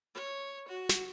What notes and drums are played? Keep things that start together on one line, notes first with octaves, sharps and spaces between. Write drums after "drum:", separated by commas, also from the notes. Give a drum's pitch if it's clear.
C#5
F#4
drum: snare